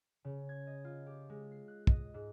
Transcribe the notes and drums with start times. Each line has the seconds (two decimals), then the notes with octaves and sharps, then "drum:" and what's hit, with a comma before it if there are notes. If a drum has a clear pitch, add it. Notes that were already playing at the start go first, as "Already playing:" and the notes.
0.24 C#3
0.49 G#6
0.67 D#5
0.84 F4
1.06 G4
1.29 G#3
1.51 C7
1.68 F#6
1.87 D#5, drum: kick
2.14 G#2